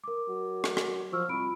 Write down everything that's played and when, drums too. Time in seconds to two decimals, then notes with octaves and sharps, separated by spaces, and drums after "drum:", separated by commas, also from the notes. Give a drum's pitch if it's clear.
0.04 A#4 D6
0.28 F#3
0.64 drum: rim click
0.77 drum: rim click
1.12 F3 C#6 E6 F6
1.29 C2 F4 B5 D7